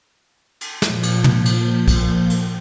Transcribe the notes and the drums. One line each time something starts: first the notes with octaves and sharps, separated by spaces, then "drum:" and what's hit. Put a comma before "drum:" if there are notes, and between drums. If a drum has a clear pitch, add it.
drum: cymbal
A#2 F3 G6, drum: snare
drum: cymbal
drum: tom
drum: cymbal
drum: kick, cymbal
drum: cymbal